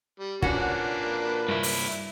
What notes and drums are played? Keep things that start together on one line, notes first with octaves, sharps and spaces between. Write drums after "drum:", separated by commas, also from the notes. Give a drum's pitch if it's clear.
G3
A#2 A#3 C#4 D4 F#4 B4, drum: kick
G2 E4
drum: open hi-hat